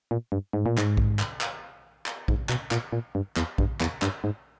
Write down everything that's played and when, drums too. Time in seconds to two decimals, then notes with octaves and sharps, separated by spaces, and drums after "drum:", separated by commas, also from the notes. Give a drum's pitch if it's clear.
0.11 A#2
0.32 G2
0.53 G#2
0.66 A#2
0.78 G#2, drum: clap
0.97 drum: kick A#1
1.19 drum: clap
1.41 drum: clap
2.06 drum: clap
2.28 G#2, drum: kick A#1
2.49 B2, drum: clap
2.71 A#2, drum: clap
2.92 A#2
3.15 G2
3.36 E2, drum: clap
3.58 G2, drum: kick A#1
3.80 E2, drum: clap
4.02 G2, drum: clap
4.24 G#2